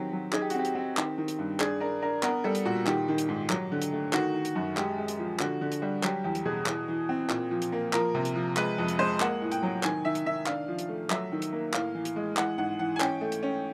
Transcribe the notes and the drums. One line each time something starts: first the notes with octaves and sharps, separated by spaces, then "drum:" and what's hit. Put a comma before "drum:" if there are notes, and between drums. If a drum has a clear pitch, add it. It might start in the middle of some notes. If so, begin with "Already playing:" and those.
Already playing: D#3 F#3 C4 G4
F#3
D#4 G#4, drum: clap
G4
F#4, drum: hi-hat
C4 G4
drum: hi-hat
C4
D#3, drum: clap
D#3
drum: hi-hat
G2
D4 G#4, drum: clap
D4 A#4
D4 A#4
B3 A#4, drum: clap
G3 A4
drum: hi-hat
A#2 F#4
D#3 G4, drum: clap
D#3
drum: hi-hat
G#2
F#3, drum: clap
D3
drum: hi-hat
A3
D#3 F#4, drum: clap
D#3
drum: hi-hat
F#2
G#3 G4, drum: clap
G#3
drum: hi-hat
F3
D3 F#4, drum: clap
D3
drum: hi-hat
G3
F#3 G4, drum: clap
E2 G4
drum: hi-hat
B2 G#4
E3, drum: clap
E3
C4
A#2, drum: clap
F3
drum: hi-hat
A#3
F3 A#4, drum: clap
C3
drum: hi-hat
F3
G#3 B4, drum: clap
F2
drum: hi-hat
G#3 C5
A#3 F#5, drum: clap
A2
G5, drum: hi-hat
F#3
D#3 G#5, drum: clap
D#3 E5
drum: hi-hat
D#3 E5
D4 F5, drum: clap
F3
drum: hi-hat
A3
F#3 E5, drum: clap
D#3
drum: hi-hat
A#3
A2 F5, drum: clap
E3
drum: hi-hat
G#3
E3 F#5, drum: clap
G#2 F#5
E3 F#5
G#5
C#4 G5, drum: clap
A3
drum: hi-hat
C#4